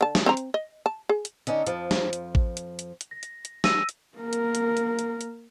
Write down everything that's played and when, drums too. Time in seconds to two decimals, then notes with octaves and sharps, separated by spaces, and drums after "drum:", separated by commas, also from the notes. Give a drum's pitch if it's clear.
0.01 D3 A5
0.15 drum: snare
0.26 C4 C5 A#5
0.37 drum: hi-hat
0.54 D#5
0.86 A5
1.09 G#4
1.25 drum: hi-hat
1.47 D3 C#4 D#4, drum: hi-hat
1.67 F2 F3, drum: hi-hat
1.91 drum: snare
2.13 drum: hi-hat
2.35 drum: kick A1
2.57 drum: hi-hat
2.79 drum: hi-hat
3.01 drum: hi-hat
3.11 A#6
3.23 drum: hi-hat
3.45 drum: hi-hat
3.64 E6 A#6 D#7, drum: snare
3.89 drum: hi-hat
4.18 A#3 A#4
4.33 drum: hi-hat
4.55 drum: hi-hat
4.77 drum: hi-hat
4.99 drum: hi-hat
5.21 drum: hi-hat